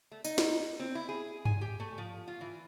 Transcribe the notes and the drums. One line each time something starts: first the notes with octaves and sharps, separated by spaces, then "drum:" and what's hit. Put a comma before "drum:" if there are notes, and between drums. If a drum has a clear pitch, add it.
A3
D#4, drum: tambourine
drum: snare
C4
E4
G#4
G#5, drum: tom G2
G4
A3
F3
F4
E3